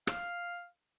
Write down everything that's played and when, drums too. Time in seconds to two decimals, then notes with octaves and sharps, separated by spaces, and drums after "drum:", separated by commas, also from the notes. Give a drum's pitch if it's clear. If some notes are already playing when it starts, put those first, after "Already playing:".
0.07 F5, drum: rim click